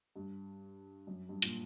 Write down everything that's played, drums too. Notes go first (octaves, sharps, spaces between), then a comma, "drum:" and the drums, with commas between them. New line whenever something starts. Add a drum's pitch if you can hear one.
G2
F#2
G2
A#2, drum: hi-hat